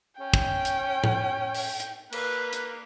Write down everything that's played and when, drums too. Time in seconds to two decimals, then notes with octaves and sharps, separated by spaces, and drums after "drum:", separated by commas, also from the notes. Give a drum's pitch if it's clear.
0.20 C#4 G5
0.34 drum: kick
0.65 drum: hi-hat
1.04 drum: tom A2
1.55 drum: open hi-hat
1.80 drum: hi-hat
2.12 A#3 B4, drum: cymbal
2.53 drum: hi-hat